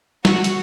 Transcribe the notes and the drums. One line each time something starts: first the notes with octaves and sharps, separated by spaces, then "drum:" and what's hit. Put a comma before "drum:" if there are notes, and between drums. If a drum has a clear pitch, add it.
F#4, drum: snare
drum: hi-hat